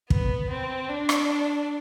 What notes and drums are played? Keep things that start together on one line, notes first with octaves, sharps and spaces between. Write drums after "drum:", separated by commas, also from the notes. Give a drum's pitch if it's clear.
B3, drum: kick
C4
D4
drum: rim click